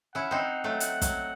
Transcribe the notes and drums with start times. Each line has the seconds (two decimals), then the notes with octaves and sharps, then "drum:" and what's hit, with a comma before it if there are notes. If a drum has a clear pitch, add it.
0.15 C#4 E4 F#5
0.31 C4 D#4
0.64 F#3 A3
0.80 F#5, drum: hi-hat
1.02 F#3, drum: kick, hi-hat